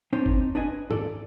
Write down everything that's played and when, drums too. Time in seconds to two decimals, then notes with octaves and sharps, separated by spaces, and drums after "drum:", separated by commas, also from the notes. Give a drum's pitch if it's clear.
0.13 C4 D4 D#4 C5 C#5
0.26 drum: kick G1
0.55 D4 B4 D#5 G#5
0.91 A4 D5, drum: tom G#2